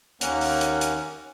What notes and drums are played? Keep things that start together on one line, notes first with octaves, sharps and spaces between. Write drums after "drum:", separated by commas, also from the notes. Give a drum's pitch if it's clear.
D#2 A#3 C#4 F#5, drum: hi-hat
drum: open hi-hat
drum: hi-hat
drum: hi-hat